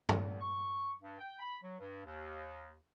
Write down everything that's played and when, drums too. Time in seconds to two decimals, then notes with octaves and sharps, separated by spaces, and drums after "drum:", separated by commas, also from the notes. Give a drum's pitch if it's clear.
0.09 E2, drum: tom G2
0.40 C#6
1.02 G2
1.19 G5
1.39 B5
1.62 F#3
1.79 G2
2.05 D#2